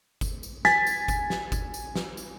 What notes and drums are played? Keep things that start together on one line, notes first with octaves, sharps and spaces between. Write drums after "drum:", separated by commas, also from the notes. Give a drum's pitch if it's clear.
drum: kick G1, tambourine
drum: tambourine
G#5 A6 B6, drum: snare
drum: tambourine
drum: kick G1, tambourine
drum: snare
drum: kick G1, tambourine
drum: tambourine
drum: snare
drum: tambourine